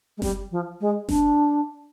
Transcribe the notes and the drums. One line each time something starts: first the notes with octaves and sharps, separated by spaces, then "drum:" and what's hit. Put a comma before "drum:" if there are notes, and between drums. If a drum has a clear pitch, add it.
G#3
G3, drum: snare F#1
F3
G#3
D4, drum: snare F#1